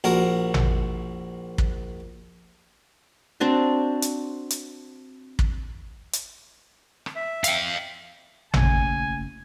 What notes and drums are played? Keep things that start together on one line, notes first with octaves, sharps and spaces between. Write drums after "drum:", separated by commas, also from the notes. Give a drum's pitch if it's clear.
A#1 F#4 A#4
drum: tom A1
drum: kick
C4 D4 F#4
drum: hi-hat
drum: hi-hat
drum: kick
drum: hi-hat
drum: rim click
E5
F5 G5, drum: hi-hat
F#1 A3 G#5, drum: tom A1